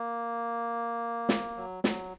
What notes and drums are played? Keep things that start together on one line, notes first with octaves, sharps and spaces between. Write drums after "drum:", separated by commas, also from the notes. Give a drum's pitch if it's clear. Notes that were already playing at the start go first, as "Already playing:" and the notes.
Already playing: A#3
drum: snare
F#3
F#3, drum: snare